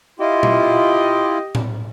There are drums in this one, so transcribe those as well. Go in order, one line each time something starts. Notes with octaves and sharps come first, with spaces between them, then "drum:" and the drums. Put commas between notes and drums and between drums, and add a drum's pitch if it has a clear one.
E4 F4 G4 D#5
drum: tom A#2
drum: tom A2